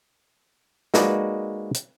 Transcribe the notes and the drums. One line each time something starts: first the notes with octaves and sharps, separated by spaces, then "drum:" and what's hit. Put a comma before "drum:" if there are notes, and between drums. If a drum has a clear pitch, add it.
G#3 A#3 D#4 F#4 B4 D5, drum: snare
drum: hi-hat